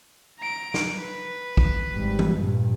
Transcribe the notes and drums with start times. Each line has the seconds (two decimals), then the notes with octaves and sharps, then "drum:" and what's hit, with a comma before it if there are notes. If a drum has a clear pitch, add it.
0.40 A#5 D7
0.74 drum: snare
0.97 B4
1.57 drum: kick
1.94 G#1 G3
2.19 drum: tom E3
2.36 G2 A#2